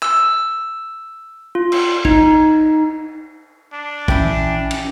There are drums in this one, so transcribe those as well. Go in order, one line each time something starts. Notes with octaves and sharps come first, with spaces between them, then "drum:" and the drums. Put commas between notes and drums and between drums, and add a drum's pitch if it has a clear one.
E6, drum: clap
F4
drum: cymbal
D#4, drum: kick
D4
A#1 E3 C#4 E4 G5, drum: kick
drum: cymbal